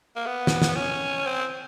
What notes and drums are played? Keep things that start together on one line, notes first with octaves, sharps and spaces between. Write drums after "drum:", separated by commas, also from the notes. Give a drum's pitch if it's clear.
A#3
B3
drum: snare
drum: snare
C#4
C4